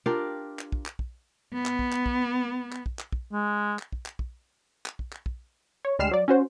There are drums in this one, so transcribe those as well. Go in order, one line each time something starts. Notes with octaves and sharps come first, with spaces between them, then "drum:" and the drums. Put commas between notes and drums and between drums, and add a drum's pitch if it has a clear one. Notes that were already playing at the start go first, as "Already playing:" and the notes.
D4 F4 G4 A#4
drum: clap
drum: kick
drum: clap
drum: kick
B3
drum: clap
drum: kick
drum: clap
drum: kick
drum: clap
drum: kick
drum: clap
drum: kick
G#3
drum: clap
drum: kick
drum: clap
drum: kick
drum: clap
drum: kick
drum: clap
drum: kick
C#5
D2 G3 G#3 F6 C7 E7
F#3 D5
C#4 F#4 C5